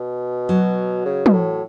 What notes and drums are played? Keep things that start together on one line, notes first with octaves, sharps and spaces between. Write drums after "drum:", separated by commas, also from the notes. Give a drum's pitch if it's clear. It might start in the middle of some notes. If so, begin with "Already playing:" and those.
Already playing: B2
F#3
C#3
B2, drum: tom
A2